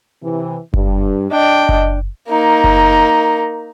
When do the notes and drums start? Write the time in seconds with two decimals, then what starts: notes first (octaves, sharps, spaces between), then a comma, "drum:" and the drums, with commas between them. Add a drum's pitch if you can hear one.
0.22 C3 E3
0.74 G2, drum: kick F#1
1.31 D4 D#5 G5
1.69 drum: kick F#1
2.29 A#3 D#4
2.64 drum: kick F#1